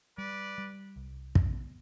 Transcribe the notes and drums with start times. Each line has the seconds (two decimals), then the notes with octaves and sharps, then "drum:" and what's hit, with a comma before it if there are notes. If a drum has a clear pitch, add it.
0.18 G3 B4 D5
0.58 G3
0.96 C2
1.35 B3, drum: kick